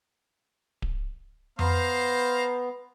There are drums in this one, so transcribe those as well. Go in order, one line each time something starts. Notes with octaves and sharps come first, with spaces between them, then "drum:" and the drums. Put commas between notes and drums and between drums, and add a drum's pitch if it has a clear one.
drum: kick D1
B3 C5 F5 A#5, drum: tom F2